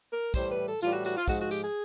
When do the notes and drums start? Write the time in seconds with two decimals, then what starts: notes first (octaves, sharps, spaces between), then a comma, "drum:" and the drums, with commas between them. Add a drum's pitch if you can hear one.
0.11 A#4
0.34 A2 E3 G3 C5, drum: kick, tambourine
0.50 B4
0.66 A4
0.81 A2 E3 G3 F4, drum: tambourine
0.93 F#4
1.05 F#4, drum: tambourine
1.16 F4
1.28 G#2 F3 G#3 F#4, drum: kick, tambourine
1.39 F#4
1.51 G4, drum: tambourine
1.63 G#4